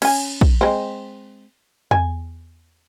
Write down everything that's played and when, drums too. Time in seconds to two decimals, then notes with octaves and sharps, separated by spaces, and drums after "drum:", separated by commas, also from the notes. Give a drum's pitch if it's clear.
0.02 C#4 G#5, drum: cymbal
0.41 drum: kick
0.61 G#3 C4
1.91 G#5, drum: tom E2